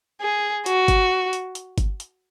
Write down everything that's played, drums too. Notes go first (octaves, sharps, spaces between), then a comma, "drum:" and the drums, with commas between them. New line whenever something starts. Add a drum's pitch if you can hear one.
G#4
F#4, drum: hi-hat
drum: kick G1, hi-hat
drum: hi-hat
drum: hi-hat
drum: kick G1, hi-hat
drum: hi-hat